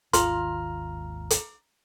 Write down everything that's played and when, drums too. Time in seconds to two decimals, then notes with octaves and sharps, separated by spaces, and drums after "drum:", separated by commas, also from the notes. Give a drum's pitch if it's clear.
0.13 G#1 D#2 F4 A#5 C6 F6, drum: hi-hat
1.30 drum: hi-hat